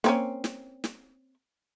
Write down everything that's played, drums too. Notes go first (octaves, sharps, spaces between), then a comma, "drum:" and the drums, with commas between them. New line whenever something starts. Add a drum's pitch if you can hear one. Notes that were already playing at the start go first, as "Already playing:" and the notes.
A#3 C4 C#4, drum: snare
drum: snare
drum: snare